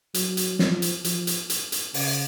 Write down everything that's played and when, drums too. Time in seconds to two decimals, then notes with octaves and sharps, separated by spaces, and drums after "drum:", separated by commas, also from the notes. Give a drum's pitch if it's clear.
0.14 F#3, drum: hi-hat
0.37 drum: hi-hat
0.59 F3, drum: snare
0.82 drum: hi-hat
1.04 F3, drum: hi-hat
1.27 drum: hi-hat
1.50 drum: hi-hat
1.72 drum: hi-hat
1.94 C#3, drum: open hi-hat